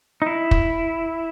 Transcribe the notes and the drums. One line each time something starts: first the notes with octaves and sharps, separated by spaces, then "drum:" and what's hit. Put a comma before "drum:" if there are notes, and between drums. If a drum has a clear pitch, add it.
D#4
E4
drum: kick